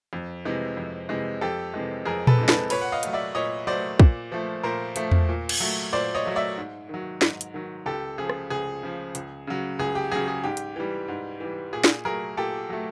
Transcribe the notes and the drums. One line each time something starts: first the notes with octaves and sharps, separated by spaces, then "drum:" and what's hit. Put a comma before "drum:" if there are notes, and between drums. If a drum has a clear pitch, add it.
F2
C3 E3 G#3
F2
C3 E3 G#3
F2 G4 A4
C3 E3 G#3
F2 G#4 A#4
A4 B4, drum: tom A#2
C3 E3 G#3
A4 B4, drum: snare
A#2 B4 C#5, drum: cymbal
F#5
D#5 F5
F#3 A3, drum: hi-hat
D5 E5
A#2 C#5 D#5
F#3 A3 C5 D5
A#2, drum: kick
F3 A3
A#2 A#4 C5
F3 A3, drum: hi-hat
drum: tom E2
A#2
drum: cymbal
F#3 A3
A#2 C5 D5
C#5 D#5
F#3 A3
D5 E5
G#2
D#3 F#3
G#2, drum: snare
drum: hi-hat
D#3 F#3
C#2 G4 A4
C#3 F3 G#4
drum: rim click
C#2 G#4
C#3 F3
C#2, drum: hi-hat
C#3 F#3
C#2 G#4
G4
C#3 F#3 G#4
G#4
G#2 G4
drum: hi-hat
E3 G3
G#2
E3 G3
A#2 G#4
drum: snare
F#3 A3 G#4 A#4
A#2 G4 A4
F#3 A3